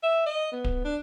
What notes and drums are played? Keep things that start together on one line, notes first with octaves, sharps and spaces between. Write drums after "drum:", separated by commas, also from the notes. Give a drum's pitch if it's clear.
E5
D#5
B3
drum: kick D1
D4